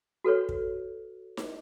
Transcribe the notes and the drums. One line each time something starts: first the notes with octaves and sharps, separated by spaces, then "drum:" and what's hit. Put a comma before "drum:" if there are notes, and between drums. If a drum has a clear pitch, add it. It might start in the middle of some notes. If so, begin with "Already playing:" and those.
F#4 A4 B4 C#5
drum: kick
drum: snare D#4